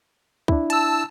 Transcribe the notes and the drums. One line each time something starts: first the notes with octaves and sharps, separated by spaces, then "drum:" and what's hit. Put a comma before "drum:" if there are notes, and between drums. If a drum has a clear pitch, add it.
D4 E4, drum: kick
A5 E6, drum: hi-hat